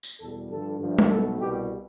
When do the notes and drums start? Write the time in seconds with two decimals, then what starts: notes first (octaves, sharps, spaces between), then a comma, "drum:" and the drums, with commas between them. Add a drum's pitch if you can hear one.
0.03 drum: tambourine
0.19 E2 B2 G3 A4
0.49 G2 D3 F3 A4
0.79 G2 D3 F3 A3
0.99 drum: tom G3
1.09 B1 B2 A3 A4
1.39 C2 B2 G3 G4